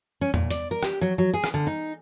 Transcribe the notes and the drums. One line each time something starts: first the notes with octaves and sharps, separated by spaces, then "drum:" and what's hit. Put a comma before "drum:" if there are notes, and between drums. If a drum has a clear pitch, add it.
C#4
A#2, drum: tom E2
D5, drum: hi-hat
A#4
G4, drum: rim click
F#3
F#3
G#4
drum: rim click
D3
D#4